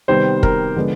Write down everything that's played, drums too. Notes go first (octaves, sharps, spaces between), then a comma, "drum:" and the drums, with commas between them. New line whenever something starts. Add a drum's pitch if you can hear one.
C3 D#3 G3 B3 C5
A#4, drum: kick
D3 F3 G#3 B3